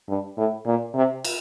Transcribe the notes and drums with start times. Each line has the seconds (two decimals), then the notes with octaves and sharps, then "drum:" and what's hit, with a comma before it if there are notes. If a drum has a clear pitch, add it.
0.09 G2
0.37 A2
0.66 A#2
0.95 C3
1.25 drum: cymbal